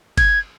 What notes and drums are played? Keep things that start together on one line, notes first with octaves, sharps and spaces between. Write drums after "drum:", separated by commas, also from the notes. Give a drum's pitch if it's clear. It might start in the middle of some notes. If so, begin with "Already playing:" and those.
G#6, drum: kick G1, cymbal